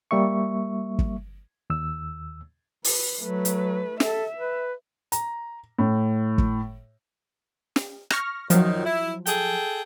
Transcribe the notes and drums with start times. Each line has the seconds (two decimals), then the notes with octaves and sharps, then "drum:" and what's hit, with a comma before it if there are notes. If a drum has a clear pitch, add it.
0.11 G3 A#3 E5 C#6
0.99 drum: kick
1.70 D#2 E6
2.84 B4, drum: open hi-hat
3.20 F#3 A3 B4
3.45 drum: hi-hat
4.00 A4 E5, drum: snare
4.35 B4
5.12 A#5, drum: hi-hat
5.79 A2
6.38 drum: kick
7.76 drum: snare
8.10 C#6 F6 A#6, drum: rim click
8.50 F#2 D#3 F3 F#3, drum: hi-hat
8.85 E4
9.26 G#4 A4 G5, drum: hi-hat